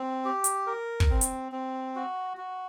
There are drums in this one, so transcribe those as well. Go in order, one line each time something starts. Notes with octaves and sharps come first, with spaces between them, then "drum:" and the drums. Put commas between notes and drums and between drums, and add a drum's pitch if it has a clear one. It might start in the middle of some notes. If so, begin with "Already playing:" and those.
Already playing: C4
G4
drum: hi-hat
A#4
drum: kick
C4
drum: hi-hat
C4
F#4
F#4